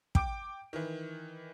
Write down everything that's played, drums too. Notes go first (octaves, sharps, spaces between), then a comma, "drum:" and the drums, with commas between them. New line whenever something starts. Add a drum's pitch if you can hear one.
G5 D6 D7, drum: kick
D#3 E3